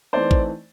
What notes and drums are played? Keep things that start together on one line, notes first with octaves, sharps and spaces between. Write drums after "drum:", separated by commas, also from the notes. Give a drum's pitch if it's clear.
E3 A3 C4 D#4 C5 D5
drum: kick A1